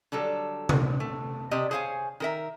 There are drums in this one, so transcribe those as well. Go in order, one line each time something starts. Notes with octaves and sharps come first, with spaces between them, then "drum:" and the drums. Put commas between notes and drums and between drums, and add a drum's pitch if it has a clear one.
D3 F#3 G3 A4
drum: tom C3
A3
C3 G4 D5 D#5
G#4 C5 C#5 F5 G#5
D#3 A#4 E5